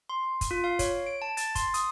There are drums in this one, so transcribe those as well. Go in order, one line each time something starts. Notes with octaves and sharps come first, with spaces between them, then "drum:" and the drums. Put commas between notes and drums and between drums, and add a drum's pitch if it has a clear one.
C6
drum: kick, hi-hat
F4
F5
C#5, drum: kick, hi-hat
D7
A5
A6, drum: hi-hat
C6, drum: kick, hi-hat
D#6, drum: hi-hat